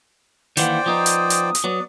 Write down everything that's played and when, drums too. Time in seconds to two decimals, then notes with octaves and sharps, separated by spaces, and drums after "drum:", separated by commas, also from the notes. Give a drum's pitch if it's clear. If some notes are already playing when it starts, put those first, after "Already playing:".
0.57 D#3 E3 A#3 C5 D5 F#5 G5, drum: hi-hat
0.86 F3 B3 D#4 D#6
1.06 drum: hi-hat
1.30 drum: hi-hat
1.55 drum: hi-hat
1.64 F#3 B3 D5